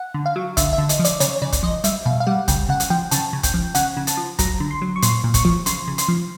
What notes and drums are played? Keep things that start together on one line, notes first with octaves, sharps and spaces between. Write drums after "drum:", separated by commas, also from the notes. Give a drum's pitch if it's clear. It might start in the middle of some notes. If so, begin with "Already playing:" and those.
Already playing: F#5
D3
F5
F#3
D3 E5, drum: kick, hi-hat
E5
D3
D#5, drum: hi-hat
F3
D5, drum: hi-hat
C#3 C#5, drum: hi-hat
C#3 D5
drum: kick, hi-hat
F3 D#5
G3 E5, drum: hi-hat
B2 F5
F5
G3 F#5
C#3 G5, drum: kick, hi-hat
C#3 F#5
drum: hi-hat
F3 G5
C#3 A5, drum: hi-hat
C#3
G5, drum: kick, hi-hat
F3
C#3 F#5, drum: hi-hat
C#3
A5, drum: hi-hat
F3
F#3 A#5, drum: kick, hi-hat
D3
C6
F#3
C#6
A#2 C6, drum: hi-hat
A#2
C#6, drum: kick, hi-hat
F3
C#3 C6, drum: hi-hat
C#3
C6, drum: hi-hat
F3